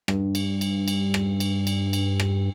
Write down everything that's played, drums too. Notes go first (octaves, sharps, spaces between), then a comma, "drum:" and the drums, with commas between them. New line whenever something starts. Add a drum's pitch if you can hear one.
G2, drum: rim click
drum: cymbal
drum: cymbal
drum: cymbal
drum: rim click
drum: cymbal
drum: cymbal
drum: cymbal
drum: rim click